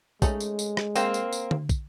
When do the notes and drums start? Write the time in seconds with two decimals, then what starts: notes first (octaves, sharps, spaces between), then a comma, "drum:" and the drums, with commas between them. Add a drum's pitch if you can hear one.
0.22 G#3 A3 C#4 D#4, drum: kick, tambourine
0.40 drum: tambourine
0.59 drum: tambourine
0.77 drum: rim click
0.96 A#3 C4 G5, drum: tambourine
1.14 drum: tambourine
1.33 drum: tambourine
1.51 drum: tom D3
1.69 drum: kick, tambourine